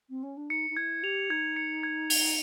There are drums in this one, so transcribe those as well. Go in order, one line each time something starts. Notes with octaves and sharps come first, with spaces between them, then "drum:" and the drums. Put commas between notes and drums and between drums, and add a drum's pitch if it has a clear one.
C4
C#4
D4
D#4 C#7
D#4
E4 G#6
G4 F7
D#4 G#6
C#7
G#6
F7, drum: open hi-hat